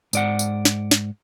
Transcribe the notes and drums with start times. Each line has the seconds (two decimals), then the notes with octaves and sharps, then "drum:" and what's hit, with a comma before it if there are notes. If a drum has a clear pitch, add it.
0.13 G#2 D5 F#5, drum: tambourine
0.39 drum: tambourine
0.65 drum: snare
0.91 drum: snare